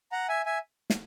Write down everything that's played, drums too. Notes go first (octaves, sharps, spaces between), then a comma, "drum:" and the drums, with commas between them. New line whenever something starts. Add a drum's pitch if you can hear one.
F#5 A#5
E5 G#5
E5 G#5
drum: snare